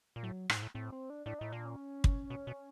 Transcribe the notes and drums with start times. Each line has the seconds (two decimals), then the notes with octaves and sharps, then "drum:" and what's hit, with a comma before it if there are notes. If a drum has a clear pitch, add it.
0.16 A#2
0.23 A2 F#3
0.50 A2, drum: rim click
0.57 G#2
0.62 A2
0.74 A2 C4
0.92 C4
1.10 D4
1.26 A2 D4
1.39 A2 D#4
1.52 A#2 D4
1.65 C#4
2.04 drum: kick
2.30 B2
2.47 B2